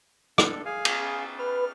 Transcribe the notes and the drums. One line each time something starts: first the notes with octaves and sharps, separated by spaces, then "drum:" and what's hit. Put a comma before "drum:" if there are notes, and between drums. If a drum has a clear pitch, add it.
D4 A4, drum: rim click
G#4 F5 G#5
drum: cymbal
B4 F6